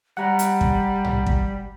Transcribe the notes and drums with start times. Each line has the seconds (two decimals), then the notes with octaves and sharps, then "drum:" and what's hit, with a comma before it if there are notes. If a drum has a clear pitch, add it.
0.17 G3 F#5 A#5
0.39 drum: hi-hat
0.61 drum: kick
1.05 drum: tom
1.26 drum: kick